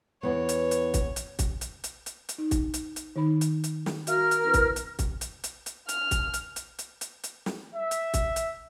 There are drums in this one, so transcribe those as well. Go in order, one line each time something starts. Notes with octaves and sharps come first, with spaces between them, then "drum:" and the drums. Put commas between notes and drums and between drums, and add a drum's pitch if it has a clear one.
E2 E3 B3 C#5
drum: hi-hat
drum: hi-hat
drum: kick, hi-hat
drum: hi-hat
drum: kick, hi-hat
drum: hi-hat
drum: hi-hat
drum: hi-hat
drum: hi-hat
D#4
drum: kick, hi-hat
drum: hi-hat
drum: hi-hat
D#3 D#4 B5
drum: hi-hat
drum: hi-hat
drum: snare
F#4 A#4 E5 F5 F6, drum: hi-hat
drum: hi-hat
C4 E4 B4
drum: kick, hi-hat
drum: hi-hat
drum: kick, hi-hat
drum: hi-hat
drum: hi-hat
drum: hi-hat
F6, drum: hi-hat
drum: kick, hi-hat
drum: hi-hat
drum: hi-hat
drum: hi-hat
drum: hi-hat
drum: hi-hat
drum: snare
E5
drum: hi-hat
drum: kick, hi-hat
drum: hi-hat